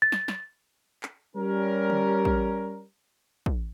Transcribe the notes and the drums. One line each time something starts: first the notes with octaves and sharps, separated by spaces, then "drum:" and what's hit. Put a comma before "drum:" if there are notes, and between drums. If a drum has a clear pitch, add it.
A6
drum: snare
drum: snare
drum: clap
G3 C#4 A#4
drum: tom D3
drum: kick
drum: kick